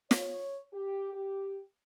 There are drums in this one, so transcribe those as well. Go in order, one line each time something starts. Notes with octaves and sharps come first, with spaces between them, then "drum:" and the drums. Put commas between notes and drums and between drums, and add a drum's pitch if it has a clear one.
C#5, drum: snare
G4
G4